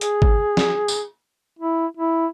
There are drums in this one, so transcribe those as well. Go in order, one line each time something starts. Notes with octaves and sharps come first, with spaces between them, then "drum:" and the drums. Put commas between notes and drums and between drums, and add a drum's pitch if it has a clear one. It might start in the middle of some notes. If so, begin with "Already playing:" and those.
G#4, drum: hi-hat
drum: kick
drum: snare
drum: tambourine
E4
E4